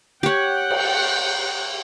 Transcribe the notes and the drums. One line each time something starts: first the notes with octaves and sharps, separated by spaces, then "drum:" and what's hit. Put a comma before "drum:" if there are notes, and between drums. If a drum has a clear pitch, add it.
G4 C#5 F#5 G5
drum: cymbal